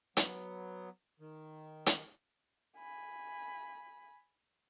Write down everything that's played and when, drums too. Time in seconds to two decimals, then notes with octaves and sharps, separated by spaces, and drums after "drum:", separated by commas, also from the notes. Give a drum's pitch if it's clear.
0.17 F#3 B3, drum: hi-hat
1.20 D#3
1.86 drum: hi-hat
2.78 G#5 B5